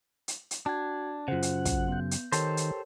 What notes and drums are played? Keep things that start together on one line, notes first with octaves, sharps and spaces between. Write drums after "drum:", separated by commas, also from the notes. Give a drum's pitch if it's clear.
drum: hi-hat
drum: hi-hat
D4 F#4 G5 G#6
F#2 C#3 F4 C5 F#5
drum: hi-hat
drum: kick, hi-hat
B3 G6
drum: hi-hat
D#3 G4 A4 A#4 C5 C#5, drum: hi-hat
drum: hi-hat